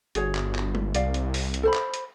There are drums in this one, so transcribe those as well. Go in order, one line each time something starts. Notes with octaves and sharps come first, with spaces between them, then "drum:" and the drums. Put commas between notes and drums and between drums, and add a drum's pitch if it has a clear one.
G1 F#4 G#4 C#5, drum: hi-hat
drum: clap
drum: clap
drum: tom
C2 D5 F5, drum: hi-hat
drum: hi-hat
drum: open hi-hat
drum: hi-hat
A4 C5 B5
drum: clap
drum: hi-hat